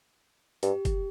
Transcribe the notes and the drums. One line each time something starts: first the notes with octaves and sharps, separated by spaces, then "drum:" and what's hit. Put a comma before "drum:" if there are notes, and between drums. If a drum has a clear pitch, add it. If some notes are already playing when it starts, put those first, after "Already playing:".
G2 G4, drum: hi-hat
drum: kick, hi-hat